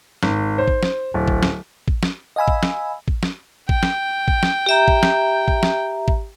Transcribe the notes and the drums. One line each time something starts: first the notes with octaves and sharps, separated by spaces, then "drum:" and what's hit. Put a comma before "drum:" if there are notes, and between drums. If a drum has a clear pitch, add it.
G#1, drum: snare
C5
drum: kick
drum: snare
D1
drum: kick
drum: snare
drum: kick
drum: snare
D#5 F5 G#5 B5 E6
drum: kick
drum: snare
drum: kick
drum: snare
G5, drum: kick
drum: snare
drum: kick
drum: snare
G4 E5 A#5
drum: kick
drum: snare
drum: kick
drum: snare
drum: kick